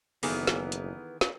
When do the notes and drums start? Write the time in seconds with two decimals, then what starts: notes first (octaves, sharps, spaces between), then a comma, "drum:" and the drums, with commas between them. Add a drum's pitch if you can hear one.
0.23 F#1 D#3 E3 B3 G#4 A4 F5, drum: open hi-hat
0.47 drum: snare
0.72 drum: hi-hat
1.21 drum: snare